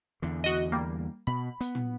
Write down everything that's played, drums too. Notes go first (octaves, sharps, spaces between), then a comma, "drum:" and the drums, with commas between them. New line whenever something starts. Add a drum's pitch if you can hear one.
E2 D3
F#4 D#5
G3 A#3
B2 B5
B3, drum: hi-hat
drum: tom A#2